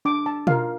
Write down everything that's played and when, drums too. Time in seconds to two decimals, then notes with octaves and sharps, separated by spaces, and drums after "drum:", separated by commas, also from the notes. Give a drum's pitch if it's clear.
0.05 D4 D6
0.26 A5
0.47 F4 A#4 F5, drum: tom B2